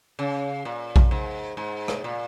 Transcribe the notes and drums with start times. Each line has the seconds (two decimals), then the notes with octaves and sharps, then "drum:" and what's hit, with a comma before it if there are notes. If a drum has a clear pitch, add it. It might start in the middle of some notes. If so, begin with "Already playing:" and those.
0.19 C#3
0.65 A#2
0.96 drum: kick A#1
1.11 G#2
1.57 G#2
1.88 drum: rim click
2.04 A#2